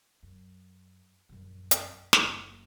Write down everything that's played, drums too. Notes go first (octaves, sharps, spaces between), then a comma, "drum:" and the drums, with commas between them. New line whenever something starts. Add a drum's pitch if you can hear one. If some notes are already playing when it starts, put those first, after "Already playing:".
F#2
A#1 F#2
drum: hi-hat
F#1, drum: snare